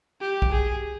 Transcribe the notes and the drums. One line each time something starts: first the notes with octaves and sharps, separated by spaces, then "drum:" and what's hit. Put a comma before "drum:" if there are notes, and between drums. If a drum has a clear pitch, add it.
G4
drum: kick
G#4